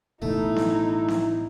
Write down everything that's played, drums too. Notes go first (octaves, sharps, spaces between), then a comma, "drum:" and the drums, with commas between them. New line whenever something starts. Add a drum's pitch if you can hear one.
A1 B2 D3 A3 D#4 E4, drum: kick
drum: snare B3
drum: snare B3